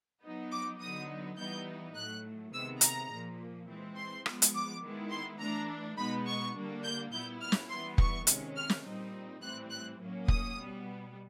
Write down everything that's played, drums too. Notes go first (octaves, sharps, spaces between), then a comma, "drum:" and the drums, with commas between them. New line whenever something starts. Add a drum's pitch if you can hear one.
F#3 B3 D#4
D6
D3 F#3 B3 D#4 D#6
E3 G3 B3 D#4 G6
A2 F#3 A3 F#6
C3 D#3 G#3 B3 E6
A#5, drum: hi-hat
A#2 F3 A#3
E3 G#3 C4
C6
F3 G#3 B3, drum: rim click
drum: hi-hat
D6
D#3 G#3 B3 E4
C6
E3 A3 D4 A#5
B2 G#3 B3 D#4 B5
C#6
D3 G3 A#3 D4
G6
A#2 G3 B3 E4 G6
F6
drum: snare
E3 G3 B3 C6
C#6, drum: kick
C3 D#3 G#3 C#4, drum: hi-hat
F6
drum: snare
A#2 G3 C4 D#4
A2 E3 G3 C4 F#6
F#6
A2 F#3 A#3 C#4
D#6, drum: kick
B2 G3 B3